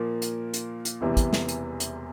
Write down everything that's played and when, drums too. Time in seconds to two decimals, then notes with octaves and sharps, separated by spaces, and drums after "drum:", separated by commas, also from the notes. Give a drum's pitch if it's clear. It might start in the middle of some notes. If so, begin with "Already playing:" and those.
Already playing: A#2 F3 A#3
0.22 drum: hi-hat
0.54 drum: hi-hat
0.85 drum: hi-hat
1.01 E1 E2 C3 E3 G3
1.17 drum: kick, hi-hat
1.33 drum: snare
1.48 drum: hi-hat
1.80 drum: hi-hat